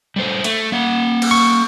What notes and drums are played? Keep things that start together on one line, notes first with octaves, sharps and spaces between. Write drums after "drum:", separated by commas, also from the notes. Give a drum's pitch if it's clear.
G3 A3 C5
A3, drum: cymbal
A#3 F#5
drum: cymbal
C#6